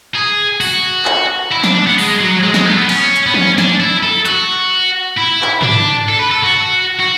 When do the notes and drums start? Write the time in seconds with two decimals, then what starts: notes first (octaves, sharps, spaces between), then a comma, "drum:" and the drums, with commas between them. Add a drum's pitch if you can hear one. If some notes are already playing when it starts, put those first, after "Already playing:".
0.15 G#4
0.61 F#4, drum: open hi-hat
1.05 drum: clap
1.52 E4
1.64 D4, drum: snare
1.75 D4
1.87 B3
1.98 G#3, drum: open hi-hat
2.21 F#3
2.44 G#3
2.54 G#3, drum: snare
2.66 A3
2.77 B3
2.89 C#4, drum: cymbal
3.16 drum: hi-hat
3.27 B3
3.34 C#4, drum: tom E3
3.58 D4, drum: snare
3.80 E4
4.03 A4
4.25 F#4, drum: hi-hat
5.17 E4
5.42 drum: clap
5.62 D4, drum: tom G#2
6.09 A4
6.19 B4
6.31 A4
6.43 F#4
7.00 F#4